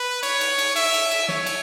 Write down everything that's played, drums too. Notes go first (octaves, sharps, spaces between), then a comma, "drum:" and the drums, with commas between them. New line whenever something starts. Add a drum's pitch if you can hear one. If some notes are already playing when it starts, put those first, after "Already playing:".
Already playing: B4
C#5, drum: cymbal
drum: cymbal
drum: cymbal
E5, drum: cymbal
drum: cymbal
drum: cymbal
C#5, drum: snare
drum: cymbal